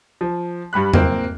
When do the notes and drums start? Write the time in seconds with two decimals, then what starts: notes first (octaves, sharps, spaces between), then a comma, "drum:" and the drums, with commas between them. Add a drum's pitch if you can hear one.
0.21 F3
0.73 G2 G3 B5 F#6
0.93 A#3 C4, drum: tom E2